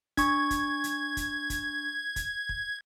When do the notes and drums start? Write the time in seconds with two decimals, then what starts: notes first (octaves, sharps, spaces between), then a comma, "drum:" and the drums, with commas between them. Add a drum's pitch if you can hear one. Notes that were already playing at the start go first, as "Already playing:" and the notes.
0.17 D4 C#6 G#6, drum: kick, hi-hat
0.51 drum: kick, hi-hat
0.84 drum: hi-hat
1.17 drum: kick, hi-hat
1.50 drum: kick, hi-hat
2.16 drum: kick, hi-hat
2.49 drum: kick